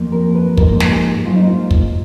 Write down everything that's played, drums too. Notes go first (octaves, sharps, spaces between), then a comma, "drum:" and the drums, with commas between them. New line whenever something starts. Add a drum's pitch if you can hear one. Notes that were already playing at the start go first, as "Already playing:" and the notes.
Already playing: F2 F3 A#3
A#4
B4
G#2 F3 A#3 A#4, drum: kick
drum: snare
G#4
G#2 F#3 A#3 F4
D#4
F4
drum: kick